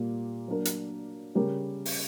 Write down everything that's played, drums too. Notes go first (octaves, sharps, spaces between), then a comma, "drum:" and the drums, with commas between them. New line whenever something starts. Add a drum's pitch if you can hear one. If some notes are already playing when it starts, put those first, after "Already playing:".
Already playing: A#2 G3 A#3
F#3 A#3 D4 A#4
drum: hi-hat
C#3 G3 C#4 G4 A#4
drum: open hi-hat